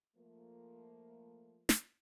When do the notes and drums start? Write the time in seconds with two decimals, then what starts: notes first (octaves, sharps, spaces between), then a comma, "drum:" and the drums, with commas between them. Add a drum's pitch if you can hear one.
0.16 F3 A3 A#3
1.69 drum: snare